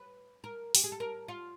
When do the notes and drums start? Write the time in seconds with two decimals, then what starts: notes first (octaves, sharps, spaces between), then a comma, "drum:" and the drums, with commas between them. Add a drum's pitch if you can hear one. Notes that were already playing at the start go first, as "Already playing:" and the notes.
Already playing: B4
0.44 A#4
0.75 G4, drum: open hi-hat
0.84 G#4
0.92 A4
1.00 A#4
1.28 F4